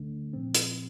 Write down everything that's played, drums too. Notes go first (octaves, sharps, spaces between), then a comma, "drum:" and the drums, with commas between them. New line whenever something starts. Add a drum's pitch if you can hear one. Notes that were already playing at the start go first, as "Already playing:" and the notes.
Already playing: D2 D3 A3 D4
A#2 F3 C4
drum: hi-hat